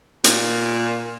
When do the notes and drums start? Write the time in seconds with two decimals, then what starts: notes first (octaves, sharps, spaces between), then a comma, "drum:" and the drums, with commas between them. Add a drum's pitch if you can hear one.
0.24 A#2, drum: hi-hat